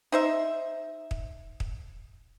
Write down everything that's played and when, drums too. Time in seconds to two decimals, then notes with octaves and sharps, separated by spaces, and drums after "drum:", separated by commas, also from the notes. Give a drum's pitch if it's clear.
0.12 D#4 C5 E5
1.11 drum: kick
1.60 drum: kick